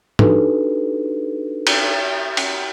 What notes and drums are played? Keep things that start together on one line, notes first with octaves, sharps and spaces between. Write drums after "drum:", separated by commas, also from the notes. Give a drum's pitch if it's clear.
D4 D#4 F#4 G4 A4 B4, drum: tom G#2
drum: cymbal
drum: cymbal